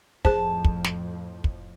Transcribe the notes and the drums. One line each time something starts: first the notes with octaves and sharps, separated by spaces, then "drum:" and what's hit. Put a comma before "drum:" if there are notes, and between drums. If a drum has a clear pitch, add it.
F2 A2 F3 G#4 C5 A5, drum: kick
drum: kick
drum: snare
drum: kick